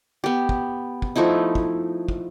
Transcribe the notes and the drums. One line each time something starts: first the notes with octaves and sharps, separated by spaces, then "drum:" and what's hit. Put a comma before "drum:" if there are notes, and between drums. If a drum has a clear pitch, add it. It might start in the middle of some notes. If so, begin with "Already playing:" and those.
B3 G4
drum: kick
drum: kick
F3 A3 D#4 E4
drum: kick
drum: kick